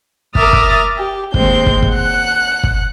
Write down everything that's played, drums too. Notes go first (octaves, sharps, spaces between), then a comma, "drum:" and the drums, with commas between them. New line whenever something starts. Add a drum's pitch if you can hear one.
A#4 E5 D6 D#6 F6 A6, drum: kick
drum: kick
G4
D#2 G#3 C4 G6, drum: kick
drum: kick
drum: kick
F#5 F#6
drum: kick